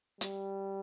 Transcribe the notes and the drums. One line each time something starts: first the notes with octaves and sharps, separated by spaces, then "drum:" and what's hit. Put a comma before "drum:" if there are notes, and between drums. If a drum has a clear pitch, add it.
G3, drum: hi-hat